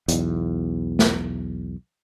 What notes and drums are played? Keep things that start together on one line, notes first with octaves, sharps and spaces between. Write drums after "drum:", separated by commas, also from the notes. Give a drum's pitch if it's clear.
B1 E2, drum: hi-hat
drum: snare